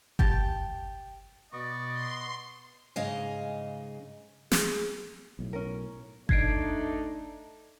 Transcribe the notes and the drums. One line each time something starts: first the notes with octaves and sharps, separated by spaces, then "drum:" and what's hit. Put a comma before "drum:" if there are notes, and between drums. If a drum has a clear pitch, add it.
G4 G5 A5, drum: kick G1
B2 B3 D5 D#5 C#6
C6
G#2 C#3 G#3 D#5 F5 G#5
G#4, drum: snare
B1 A2
C#4 A#4
A3 D4 D#4 G#6 C7 D7, drum: kick G1